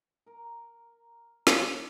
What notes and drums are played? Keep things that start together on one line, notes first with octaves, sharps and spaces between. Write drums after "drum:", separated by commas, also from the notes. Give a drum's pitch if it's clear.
A#4 A#5
C3, drum: snare